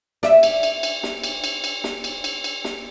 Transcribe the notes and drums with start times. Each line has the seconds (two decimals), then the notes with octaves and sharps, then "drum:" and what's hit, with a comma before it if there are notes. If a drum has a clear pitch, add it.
0.23 D5 E5, drum: snare
0.43 drum: cymbal
0.63 drum: cymbal
0.83 drum: cymbal
1.03 drum: snare
1.24 drum: cymbal
1.44 drum: cymbal
1.64 drum: cymbal
1.84 drum: snare
2.04 drum: cymbal
2.24 drum: cymbal
2.44 drum: cymbal
2.64 drum: snare